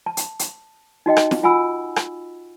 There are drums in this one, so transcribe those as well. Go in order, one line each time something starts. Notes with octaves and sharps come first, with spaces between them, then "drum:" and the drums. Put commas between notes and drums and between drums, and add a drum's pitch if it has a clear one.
A5
drum: hi-hat
drum: hi-hat
D#4 F#4 D#5 G5
drum: rim click
drum: snare
F4 F#5 G#5 B5 E6
drum: rim click